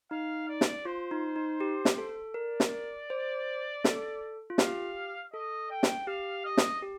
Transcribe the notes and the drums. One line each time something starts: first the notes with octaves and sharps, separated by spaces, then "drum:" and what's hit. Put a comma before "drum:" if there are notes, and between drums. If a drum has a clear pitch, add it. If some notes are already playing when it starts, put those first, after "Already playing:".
D#4 F5
D5
drum: snare
F4 C5
D#4
D#4
G4
drum: snare
A4
A#4 D5
drum: snare
C5
A4, drum: snare
F4
G4 F5, drum: snare
A4 D#5
G5
drum: snare
G4 F5
D#5
drum: snare
G4